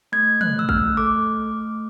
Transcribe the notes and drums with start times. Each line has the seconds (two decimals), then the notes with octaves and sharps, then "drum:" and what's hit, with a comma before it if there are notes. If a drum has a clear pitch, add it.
0.12 A3 G#6
0.41 F#6, drum: tom
0.55 A3 E6
0.69 F6, drum: kick A1
0.97 A4 D6
1.39 A3